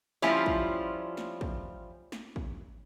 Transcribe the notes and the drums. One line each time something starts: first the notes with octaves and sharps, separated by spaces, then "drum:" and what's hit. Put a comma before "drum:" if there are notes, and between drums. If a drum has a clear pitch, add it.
F3 G3 C#4 E4 F4, drum: snare
drum: kick
drum: snare
drum: kick
drum: snare
drum: kick